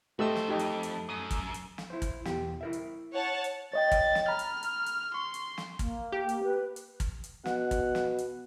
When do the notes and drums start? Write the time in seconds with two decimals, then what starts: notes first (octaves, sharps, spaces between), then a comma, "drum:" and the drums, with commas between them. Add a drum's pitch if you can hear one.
0.19 A3 F#4 G4 C5 D#5 E6
0.36 drum: snare
0.48 F2 D#4 G4 D#5
0.59 drum: hi-hat
0.83 drum: hi-hat
1.09 F#2 D#6
1.31 drum: kick, hi-hat
1.54 drum: hi-hat
1.78 drum: snare
1.90 E4 C5
2.02 drum: kick, hi-hat
2.25 E2 B2 G4, drum: snare
2.61 E4 A#4 E5
2.73 drum: hi-hat
3.12 C#5 F#5 A5
3.44 drum: hi-hat
3.73 C#5 D#5 G5 A6
3.91 drum: kick, hi-hat
4.15 drum: snare
4.28 A#5 B5 F6
4.39 drum: hi-hat
4.63 drum: hi-hat
4.86 drum: hi-hat
5.14 C6 C#6
5.34 drum: hi-hat
5.58 drum: snare
5.79 A#3, drum: kick, hi-hat
6.12 G4
6.29 drum: hi-hat
6.44 B4
6.76 drum: hi-hat
7.00 drum: kick, hi-hat
7.24 drum: hi-hat
7.46 B2 F#5, drum: snare
7.71 drum: kick, hi-hat
7.95 drum: snare
8.18 drum: hi-hat